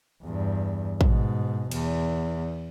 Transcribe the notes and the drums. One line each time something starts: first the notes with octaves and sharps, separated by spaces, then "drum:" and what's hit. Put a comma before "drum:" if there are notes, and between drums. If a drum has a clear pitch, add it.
E2 G2
G#2 B2, drum: kick
E2, drum: cymbal